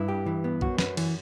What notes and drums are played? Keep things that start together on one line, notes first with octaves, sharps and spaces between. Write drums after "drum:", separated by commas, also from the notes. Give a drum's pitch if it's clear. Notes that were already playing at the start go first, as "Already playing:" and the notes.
Already playing: G2 E4
G4
E3
B3
F#2 F#4, drum: kick A#1
B4, drum: snare
E3, drum: cymbal